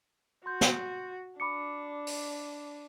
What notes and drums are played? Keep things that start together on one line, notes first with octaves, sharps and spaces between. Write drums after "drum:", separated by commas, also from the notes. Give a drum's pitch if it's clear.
F#4 C6 G6
drum: snare
D4 B5 D6 C#7
drum: open hi-hat